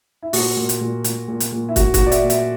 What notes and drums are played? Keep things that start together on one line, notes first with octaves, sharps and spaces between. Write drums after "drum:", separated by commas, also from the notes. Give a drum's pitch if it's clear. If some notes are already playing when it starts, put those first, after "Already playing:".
E4
A#2 F#4, drum: open hi-hat
A#2
drum: hi-hat
A#2
A#2, drum: hi-hat
A#2
drum: hi-hat
A#2
E4
A#2 F#4, drum: kick, hi-hat
F#4, drum: kick, hi-hat
A#2
D5
E5, drum: hi-hat
A#2
E5, drum: hi-hat